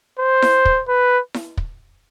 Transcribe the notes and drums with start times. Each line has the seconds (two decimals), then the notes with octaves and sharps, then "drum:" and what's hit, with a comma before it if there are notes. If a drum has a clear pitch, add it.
0.19 C5
0.42 drum: snare E4
0.65 drum: kick
0.89 B4
1.34 drum: snare E4
1.57 drum: kick